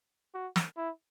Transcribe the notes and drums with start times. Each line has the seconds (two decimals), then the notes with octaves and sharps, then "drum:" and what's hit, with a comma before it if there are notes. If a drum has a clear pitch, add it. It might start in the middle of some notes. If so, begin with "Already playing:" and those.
0.34 F#4
0.56 drum: snare
0.77 E4